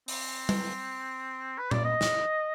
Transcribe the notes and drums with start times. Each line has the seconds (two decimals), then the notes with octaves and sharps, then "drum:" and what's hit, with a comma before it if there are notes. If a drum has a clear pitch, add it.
0.08 C4, drum: open hi-hat
0.49 drum: tom G3
1.59 B4
1.71 D5, drum: tom A#2
1.85 D#5
2.01 drum: snare